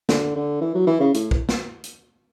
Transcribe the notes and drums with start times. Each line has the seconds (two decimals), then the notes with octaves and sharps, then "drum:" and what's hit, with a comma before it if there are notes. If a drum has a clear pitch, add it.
0.09 D3, drum: snare
0.35 D3
0.61 E3
0.75 F#3
0.87 E3
1.00 C#3
1.14 A2, drum: hi-hat
1.31 drum: kick
1.49 drum: snare
1.84 drum: hi-hat